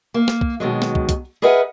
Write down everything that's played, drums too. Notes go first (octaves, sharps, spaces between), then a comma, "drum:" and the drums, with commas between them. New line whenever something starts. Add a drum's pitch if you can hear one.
A#3
drum: snare
drum: kick
B2 D#3 F#3 G#3
drum: snare
drum: kick
drum: kick, hi-hat
G#4 A#4 B4 D#5 E5 F#5